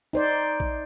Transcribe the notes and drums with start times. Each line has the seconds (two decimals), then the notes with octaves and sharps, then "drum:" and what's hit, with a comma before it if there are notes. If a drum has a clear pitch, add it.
0.13 D#4 C5 D5
0.60 drum: kick